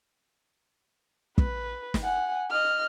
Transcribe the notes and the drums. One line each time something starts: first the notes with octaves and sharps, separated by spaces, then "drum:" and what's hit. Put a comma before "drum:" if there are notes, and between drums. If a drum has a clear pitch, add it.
B4, drum: kick
drum: snare
F#5 G#5
D#5 F6